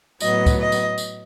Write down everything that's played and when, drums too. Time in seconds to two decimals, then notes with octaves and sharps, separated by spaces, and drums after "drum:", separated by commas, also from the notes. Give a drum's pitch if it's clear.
0.21 A2 F#3 B3 D#5, drum: tambourine
0.46 drum: kick, tambourine
0.59 D#5
0.72 drum: tambourine
0.98 drum: tambourine